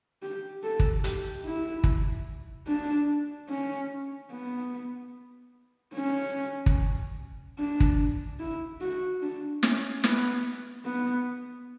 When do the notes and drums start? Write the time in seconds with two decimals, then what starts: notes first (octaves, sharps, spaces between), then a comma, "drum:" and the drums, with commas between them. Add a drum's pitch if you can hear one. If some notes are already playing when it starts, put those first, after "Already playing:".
0.22 G4
0.63 A4
0.80 drum: kick
1.04 G4, drum: hi-hat
1.45 E4
1.84 drum: kick
2.67 D4
3.49 C#4
4.31 B3
5.95 C#4
6.66 drum: kick
7.58 D4
7.80 drum: kick
8.40 E4
8.81 F#4
9.22 D4
9.63 C#4, drum: snare
10.04 B3, drum: snare
10.85 B3